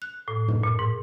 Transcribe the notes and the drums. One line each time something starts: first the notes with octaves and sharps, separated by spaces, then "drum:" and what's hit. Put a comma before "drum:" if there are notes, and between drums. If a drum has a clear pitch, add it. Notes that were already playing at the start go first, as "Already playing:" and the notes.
F#6
A2
drum: tom
A#2
G#2